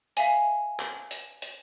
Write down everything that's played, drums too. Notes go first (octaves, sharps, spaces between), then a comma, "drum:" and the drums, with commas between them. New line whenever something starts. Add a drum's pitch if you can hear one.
E5 F5 G#5, drum: hi-hat
drum: clap
drum: hi-hat
drum: hi-hat